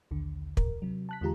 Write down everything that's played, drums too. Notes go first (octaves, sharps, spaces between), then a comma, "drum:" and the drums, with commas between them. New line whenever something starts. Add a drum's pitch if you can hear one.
A#1 D#2 D3
D#2 A#4, drum: kick
C3 F#3
A5 F#6 B6
E2 D3 G#3 F4 G4 A#5